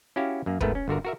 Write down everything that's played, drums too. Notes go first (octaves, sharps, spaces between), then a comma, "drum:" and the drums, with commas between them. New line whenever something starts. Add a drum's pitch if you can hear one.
C#4 E4 F#4 G4 F5
F#2 A#3
G#2 A3 B3 A#4 B4, drum: kick
C#4
G1 D3 F#4 A#4
F#4 A#4 E5